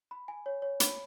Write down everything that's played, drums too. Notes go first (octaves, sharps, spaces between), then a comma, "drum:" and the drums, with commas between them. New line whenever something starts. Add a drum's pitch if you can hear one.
B5
G#5
C#5
C#5
B5, drum: hi-hat